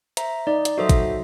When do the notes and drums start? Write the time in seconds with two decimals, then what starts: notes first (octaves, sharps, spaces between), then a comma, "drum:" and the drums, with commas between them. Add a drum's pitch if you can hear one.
0.17 C5 E5 A#5, drum: hi-hat
0.47 D#4 D5
0.65 drum: hi-hat
0.78 F#3 F#4 A4 C5 D#5 E5
0.89 drum: kick, hi-hat